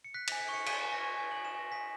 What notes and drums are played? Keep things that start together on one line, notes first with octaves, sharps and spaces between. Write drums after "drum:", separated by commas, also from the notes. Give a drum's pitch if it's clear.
C#7
F#6 B6
B6, drum: cymbal
G#5
B6
C#6
C#7
G#5 B6, drum: cymbal
G#5
A#6
C#6
G#5
F#7
G#5
E7
G#5 A#6
G#5 B6